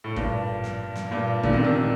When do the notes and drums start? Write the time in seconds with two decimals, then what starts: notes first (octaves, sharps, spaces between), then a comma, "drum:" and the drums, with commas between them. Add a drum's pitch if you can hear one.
0.04 A2
0.16 G2 A#2, drum: kick G#1
0.64 drum: snare
0.96 drum: snare
1.11 G2 A#2
1.43 A#2 D3, drum: kick G#1
1.53 C3 D#3
1.64 C3 D#3